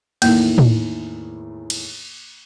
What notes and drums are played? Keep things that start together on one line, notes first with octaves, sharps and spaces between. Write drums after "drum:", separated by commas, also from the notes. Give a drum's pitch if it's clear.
E2 A2 D#3 A#3, drum: cymbal
drum: tom
drum: cymbal